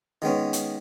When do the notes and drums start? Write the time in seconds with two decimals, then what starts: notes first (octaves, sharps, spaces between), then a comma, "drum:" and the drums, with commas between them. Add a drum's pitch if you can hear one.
0.22 D#3 G#3 B3 C#4
0.53 drum: hi-hat